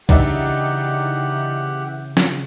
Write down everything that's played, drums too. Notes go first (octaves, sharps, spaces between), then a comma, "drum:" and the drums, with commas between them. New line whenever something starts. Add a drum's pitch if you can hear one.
C#3 E3 G3 D4 D#4 G4 E5 F#5, drum: kick
drum: snare